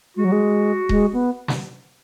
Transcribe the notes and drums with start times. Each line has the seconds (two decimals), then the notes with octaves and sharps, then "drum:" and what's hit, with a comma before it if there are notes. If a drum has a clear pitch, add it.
0.17 G#3 F#4
0.25 F#3
0.32 G#3
0.89 G#3, drum: kick D#1
1.13 B3
1.48 drum: snare